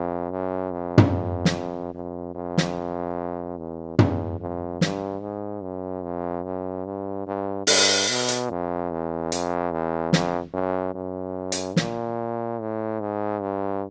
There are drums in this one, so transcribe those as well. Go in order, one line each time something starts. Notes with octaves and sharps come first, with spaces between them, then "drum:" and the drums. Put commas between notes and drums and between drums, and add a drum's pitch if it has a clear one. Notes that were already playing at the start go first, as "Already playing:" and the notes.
Already playing: F2
F#2
F2
drum: tom
drum: snare
F2
F2
drum: snare
E2
E2, drum: tom
F2
G2, drum: snare
G#2
F#2
F2
F#2
G2
G2
G2, drum: open hi-hat
B2
drum: hi-hat
F2
E2
F2, drum: hi-hat
E2
F2, drum: snare
F#2
F#2
drum: hi-hat
A#2, drum: snare
A2
G#2
G2